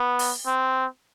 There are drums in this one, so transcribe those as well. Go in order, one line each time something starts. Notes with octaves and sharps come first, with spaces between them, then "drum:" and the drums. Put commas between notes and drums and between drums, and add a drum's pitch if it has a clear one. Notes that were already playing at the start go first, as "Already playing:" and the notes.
Already playing: B3
drum: open hi-hat
C4